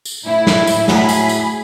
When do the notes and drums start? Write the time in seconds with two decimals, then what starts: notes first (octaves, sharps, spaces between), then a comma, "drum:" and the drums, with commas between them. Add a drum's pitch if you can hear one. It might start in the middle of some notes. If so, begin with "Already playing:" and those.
0.05 drum: tambourine
0.23 A2 E4
0.47 drum: snare
0.67 drum: tambourine
0.88 A2 F#3 G#4 B5, drum: snare
1.09 drum: tambourine
1.29 drum: tambourine